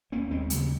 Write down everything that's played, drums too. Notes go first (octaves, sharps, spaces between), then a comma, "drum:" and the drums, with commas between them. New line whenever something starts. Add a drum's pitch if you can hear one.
D#2 A#3 C#4
D#2 G#3 C4
C#3 G3 A#3, drum: hi-hat